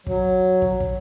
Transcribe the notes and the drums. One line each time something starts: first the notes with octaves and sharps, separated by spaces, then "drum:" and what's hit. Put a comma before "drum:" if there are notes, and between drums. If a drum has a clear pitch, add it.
F#3, drum: kick
drum: kick
drum: kick